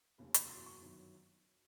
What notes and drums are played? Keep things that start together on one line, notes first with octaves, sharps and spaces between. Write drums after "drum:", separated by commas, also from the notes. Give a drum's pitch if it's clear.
F1 D#2 C#3
B5, drum: hi-hat
F#1 E2 B2 C6
C#6
G1 F#2 D#3 F#3